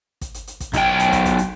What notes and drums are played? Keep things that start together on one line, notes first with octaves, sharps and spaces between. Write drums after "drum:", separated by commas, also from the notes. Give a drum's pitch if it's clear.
drum: kick, hi-hat
drum: hi-hat
drum: hi-hat
drum: kick, hi-hat
B1 G5, drum: kick, hi-hat
drum: hi-hat
drum: kick, hi-hat
drum: kick, hi-hat
drum: hi-hat